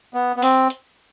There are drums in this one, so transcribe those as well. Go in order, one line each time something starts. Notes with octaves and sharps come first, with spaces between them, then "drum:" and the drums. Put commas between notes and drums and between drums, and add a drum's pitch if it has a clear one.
B3
B3
C4, drum: open hi-hat
drum: hi-hat